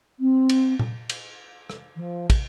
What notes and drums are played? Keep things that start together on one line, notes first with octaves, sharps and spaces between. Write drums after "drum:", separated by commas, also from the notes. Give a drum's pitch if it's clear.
C4
drum: cymbal
drum: tom A#2
drum: cymbal
drum: rim click
E3
F3
drum: kick, cymbal